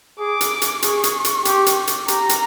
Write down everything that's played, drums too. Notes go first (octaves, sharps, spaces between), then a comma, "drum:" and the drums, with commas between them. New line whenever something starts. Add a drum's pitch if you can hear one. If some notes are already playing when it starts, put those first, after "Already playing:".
G#4 D6
drum: hi-hat
drum: hi-hat
G#4 C#6, drum: hi-hat
drum: hi-hat
drum: hi-hat
G4, drum: hi-hat
drum: hi-hat
drum: hi-hat
G4 A#5, drum: hi-hat
drum: hi-hat